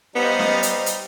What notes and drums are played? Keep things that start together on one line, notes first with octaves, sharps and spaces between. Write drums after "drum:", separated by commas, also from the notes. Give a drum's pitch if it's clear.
G3 B3 D#4 C5 D#5 F5
drum: snare
drum: hi-hat
drum: hi-hat